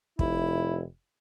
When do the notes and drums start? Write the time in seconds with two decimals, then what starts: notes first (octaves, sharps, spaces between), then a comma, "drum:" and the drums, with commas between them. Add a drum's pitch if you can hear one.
0.19 F1 E4, drum: kick